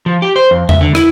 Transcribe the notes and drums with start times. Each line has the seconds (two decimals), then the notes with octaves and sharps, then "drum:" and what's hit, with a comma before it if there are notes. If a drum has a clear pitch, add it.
0.06 F3
0.22 G4
0.36 C5
0.51 F2
0.69 E5, drum: tom E2
0.81 D3
0.95 E4, drum: rim click